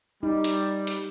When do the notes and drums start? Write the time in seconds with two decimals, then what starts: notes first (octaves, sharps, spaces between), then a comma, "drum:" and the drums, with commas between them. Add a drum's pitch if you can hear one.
0.23 G3 D#4
0.44 drum: hi-hat
0.87 drum: hi-hat